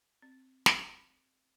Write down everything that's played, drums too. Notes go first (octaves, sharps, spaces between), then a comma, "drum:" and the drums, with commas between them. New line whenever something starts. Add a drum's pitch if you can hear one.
C4
drum: snare